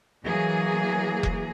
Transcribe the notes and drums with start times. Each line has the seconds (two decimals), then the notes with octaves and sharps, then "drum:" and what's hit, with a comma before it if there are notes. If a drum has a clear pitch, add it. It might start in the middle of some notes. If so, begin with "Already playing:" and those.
0.24 E3 F#3 A#3 G#4
1.23 drum: kick F1